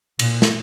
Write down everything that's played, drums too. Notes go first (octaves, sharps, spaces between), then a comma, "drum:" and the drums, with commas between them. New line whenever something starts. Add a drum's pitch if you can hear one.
A#2, drum: cymbal
drum: snare